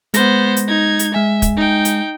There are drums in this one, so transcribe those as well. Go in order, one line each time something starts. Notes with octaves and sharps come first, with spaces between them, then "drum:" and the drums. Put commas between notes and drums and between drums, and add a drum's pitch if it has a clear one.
G#3 B3 C5 A#6, drum: hi-hat
drum: hi-hat
D#4 G#6
drum: hi-hat
G#3 E5 G#5
drum: kick, hi-hat
D#4 G5
drum: hi-hat